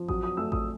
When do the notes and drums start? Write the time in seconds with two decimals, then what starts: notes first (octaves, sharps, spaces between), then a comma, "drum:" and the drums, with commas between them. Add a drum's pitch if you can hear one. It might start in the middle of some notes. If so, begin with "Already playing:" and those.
Already playing: F3
0.08 F#3 D#6, drum: kick A1
0.23 D#6
0.37 A3 E6
0.52 D#6, drum: kick A1